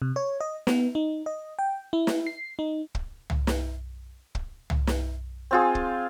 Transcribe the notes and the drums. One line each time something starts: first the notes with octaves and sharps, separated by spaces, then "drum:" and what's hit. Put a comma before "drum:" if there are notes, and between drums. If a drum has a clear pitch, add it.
C3
C#5
D#5
B3, drum: snare
D#4
D#5
G5
E4
drum: snare
C7
D#4
drum: kick
drum: tom C2
drum: snare
drum: kick
drum: tom C2
drum: snare
C4 F4 G#4
drum: kick